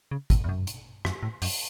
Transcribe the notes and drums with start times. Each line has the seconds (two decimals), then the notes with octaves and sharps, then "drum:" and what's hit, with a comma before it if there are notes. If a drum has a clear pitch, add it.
0.11 C#3
0.30 A2, drum: kick, hi-hat
0.44 E2
0.49 F#2
0.67 drum: hi-hat
1.05 F#2, drum: rim click
1.23 A2
1.42 F#2, drum: open hi-hat